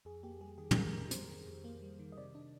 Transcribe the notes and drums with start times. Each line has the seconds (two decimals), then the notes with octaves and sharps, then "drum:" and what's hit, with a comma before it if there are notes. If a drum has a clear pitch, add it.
0.05 F2 G#4
0.23 A#3 G4
0.41 G3 G#4
0.58 D#3 G#4
0.71 G#4, drum: tom
0.76 F2 A#4
0.93 A#3 A#4
1.11 G3 C5, drum: hi-hat
1.28 D#3
1.47 F2
1.64 A#3
1.82 G3
1.99 D#3
2.12 D#5
2.17 C3 D5
2.35 D4